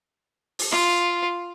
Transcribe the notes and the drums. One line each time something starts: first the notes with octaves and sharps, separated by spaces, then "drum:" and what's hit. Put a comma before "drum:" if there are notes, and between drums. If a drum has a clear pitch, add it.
drum: open hi-hat
F4, drum: snare